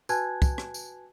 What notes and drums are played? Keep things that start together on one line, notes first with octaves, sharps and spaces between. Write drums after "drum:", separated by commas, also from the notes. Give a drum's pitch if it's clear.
F#4 B4 G#5 A5 F#6 G#6, drum: tambourine
drum: kick, tambourine
drum: rim click
drum: tambourine